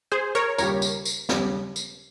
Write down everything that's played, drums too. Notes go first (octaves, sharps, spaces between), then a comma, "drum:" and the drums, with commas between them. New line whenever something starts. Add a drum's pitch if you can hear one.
G#4 C5
A#4 C#5
D#2 C#3 G3 C#4 G4 A#4 C#5, drum: tambourine
drum: tambourine
drum: tambourine
D#2 C#3 G3 C#4 G4, drum: snare
drum: tambourine